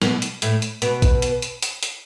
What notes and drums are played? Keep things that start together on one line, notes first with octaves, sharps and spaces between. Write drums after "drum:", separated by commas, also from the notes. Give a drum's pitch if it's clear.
B2 B3, drum: snare
drum: hi-hat
A2 A3, drum: hi-hat
drum: hi-hat
B2 B3, drum: hi-hat
drum: kick, hi-hat
drum: hi-hat
drum: hi-hat
drum: hi-hat
drum: hi-hat